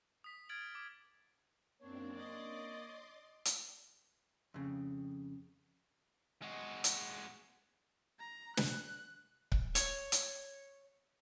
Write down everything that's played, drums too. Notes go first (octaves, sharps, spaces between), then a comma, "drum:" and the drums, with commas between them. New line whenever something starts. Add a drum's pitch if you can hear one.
D#6 B6
F6 G#6 A6 D7 F#7
D6
F#2 A#3 C4 D4 C#5
D5 D#5 C6 D6
drum: hi-hat
F2 C#3
G#3 F#4
drum: hi-hat
A#5
F#6, drum: snare
drum: kick C#1
C#5, drum: hi-hat
drum: hi-hat